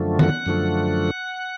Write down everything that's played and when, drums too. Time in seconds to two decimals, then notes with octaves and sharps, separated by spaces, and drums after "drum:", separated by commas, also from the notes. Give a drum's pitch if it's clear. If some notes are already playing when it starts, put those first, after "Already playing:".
Already playing: F#2 D3 F3 A3
0.19 F#5, drum: tom
0.46 F#2 D3 F3 A3